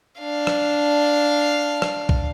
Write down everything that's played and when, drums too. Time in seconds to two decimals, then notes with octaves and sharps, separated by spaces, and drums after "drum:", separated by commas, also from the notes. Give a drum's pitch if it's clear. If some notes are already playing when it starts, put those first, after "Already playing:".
0.20 D4 F5
0.47 drum: rim click
1.82 drum: rim click
2.09 drum: kick